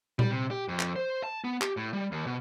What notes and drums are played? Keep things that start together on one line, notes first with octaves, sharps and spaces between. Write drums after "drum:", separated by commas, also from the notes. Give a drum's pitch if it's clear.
G3, drum: tom A#2
C3
G4
F2
drum: clap
C5
A5
B3
G4, drum: clap
A2
G3
D#2
B2